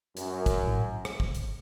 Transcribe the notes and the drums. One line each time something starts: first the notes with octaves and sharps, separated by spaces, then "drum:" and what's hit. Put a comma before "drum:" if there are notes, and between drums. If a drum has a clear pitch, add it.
F#2, drum: hi-hat
drum: kick, hi-hat
A2
drum: rim click
drum: kick
drum: hi-hat